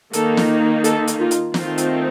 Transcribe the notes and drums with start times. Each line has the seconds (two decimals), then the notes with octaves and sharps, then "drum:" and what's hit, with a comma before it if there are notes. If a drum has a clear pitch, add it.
0.13 D#3 A#3 D#4 A4, drum: hi-hat
0.37 drum: snare
0.84 A4, drum: hi-hat
1.07 drum: hi-hat
1.20 F4
1.31 drum: hi-hat
1.54 D#3 A3 C4 D#4 F4, drum: snare
1.78 drum: hi-hat